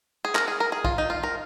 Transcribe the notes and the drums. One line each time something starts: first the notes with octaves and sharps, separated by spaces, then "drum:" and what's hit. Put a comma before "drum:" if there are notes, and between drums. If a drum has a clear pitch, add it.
G#4
A#4, drum: clap
G#4
A#4
G#4
F4, drum: kick B1
D#4
F4
A#4